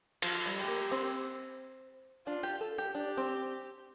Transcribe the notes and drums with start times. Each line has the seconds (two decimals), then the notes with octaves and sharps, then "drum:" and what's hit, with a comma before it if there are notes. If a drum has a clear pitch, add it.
0.22 F3 F4, drum: cymbal
0.46 G3
0.57 G4
0.63 A3
0.68 A#3
0.91 C4
2.27 D4 F4
2.43 G4
2.61 A4
2.78 G4
2.95 D4 G4
3.17 C4